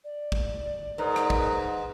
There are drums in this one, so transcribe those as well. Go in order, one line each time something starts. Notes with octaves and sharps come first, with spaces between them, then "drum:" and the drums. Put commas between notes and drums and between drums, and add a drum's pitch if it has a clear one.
D5
drum: kick
G#2 D#4 A#4 B4
drum: rim click
drum: kick